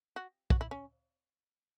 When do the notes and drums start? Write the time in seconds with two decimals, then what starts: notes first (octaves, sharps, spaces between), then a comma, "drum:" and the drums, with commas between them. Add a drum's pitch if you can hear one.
0.16 F#4
0.50 F#4, drum: kick
0.61 E4
0.71 C#4